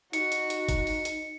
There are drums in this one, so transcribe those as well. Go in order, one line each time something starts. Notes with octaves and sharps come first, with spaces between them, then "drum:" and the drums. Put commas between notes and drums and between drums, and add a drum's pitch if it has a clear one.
D#4 F#4 C#7, drum: hi-hat
drum: hi-hat
drum: hi-hat
drum: kick F#1, hi-hat
drum: open hi-hat
drum: hi-hat